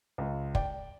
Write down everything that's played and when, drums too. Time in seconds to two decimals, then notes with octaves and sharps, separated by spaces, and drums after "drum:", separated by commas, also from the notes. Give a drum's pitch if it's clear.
0.18 C#2
0.55 D5 G5, drum: kick